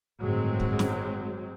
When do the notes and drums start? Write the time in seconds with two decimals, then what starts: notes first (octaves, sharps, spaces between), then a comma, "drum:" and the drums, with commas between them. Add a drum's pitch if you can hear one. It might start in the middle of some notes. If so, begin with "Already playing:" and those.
0.21 G1 A2 D#3 F#3 G#3 C4
0.60 drum: kick
0.79 drum: snare